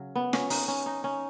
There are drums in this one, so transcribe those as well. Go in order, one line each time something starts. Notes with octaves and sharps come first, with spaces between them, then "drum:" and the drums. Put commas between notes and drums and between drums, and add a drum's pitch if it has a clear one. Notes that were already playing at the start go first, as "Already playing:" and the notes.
Already playing: C#3 F#3
B3
C#4, drum: snare
D#4, drum: open hi-hat
C#4
D#4
C#4